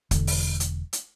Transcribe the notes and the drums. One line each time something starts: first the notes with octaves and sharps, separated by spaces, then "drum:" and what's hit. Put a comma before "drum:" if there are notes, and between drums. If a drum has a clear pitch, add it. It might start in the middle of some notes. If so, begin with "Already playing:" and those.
E1 D3, drum: kick, hi-hat
drum: open hi-hat
drum: hi-hat
drum: hi-hat